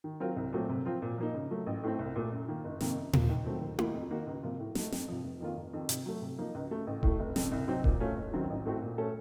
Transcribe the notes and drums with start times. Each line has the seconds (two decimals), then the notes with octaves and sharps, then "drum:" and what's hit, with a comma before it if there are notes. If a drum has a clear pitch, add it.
0.04 D#3
0.20 F#3 C4 F4 A#4
0.36 C2
0.53 A#2 F#3 A3 C4
0.69 C3
0.85 F3 C4 F4
1.02 A#2
1.18 F3 A#3 D#4
1.35 C#3
1.51 F#3 A3
1.66 A1
1.83 A2 A3 C4
1.99 C2
2.16 A#2 A3
2.32 F#2
2.48 D#3 A#3
2.64 F#1
2.81 F2 C3 D#3 A#3, drum: snare
2.97 F#2
3.13 F3 A#3, drum: tom A#2
3.29 D#2
3.46 D#3 F#3 A3 C4
3.62 D#2
3.79 D#3 A#3 D#4, drum: tom E4
3.94 F2
4.11 D#3 A#3 D#4 F#4
4.27 C#2
4.43 C3 F3 A#3 F4
4.59 A2
4.75 A3 D#4 F#4, drum: snare
4.92 F2, drum: snare
5.08 C3 F3
5.24 F1
5.41 F2 D#3 A#3 F4
5.57 F1
5.73 F2 D#3
5.89 C3, drum: hi-hat
6.06 F#3 A3
6.22 C3
6.38 F3 A#3 D#4
6.55 C#2
6.71 C#3 A3
6.87 A1
7.03 A2 A3, drum: kick D#1
7.20 F1
7.36 F2 C#3, drum: snare
7.52 C2
7.68 C3 F#3 C4 D#4
7.84 A#2, drum: kick D#1
8.00 A3 C#4 F4
8.17 F#1
8.33 F#2 D#3 F#3 C4
8.50 A1
8.65 A2 A3 C4 F#4
8.82 A#2
8.98 A3 C#4 A4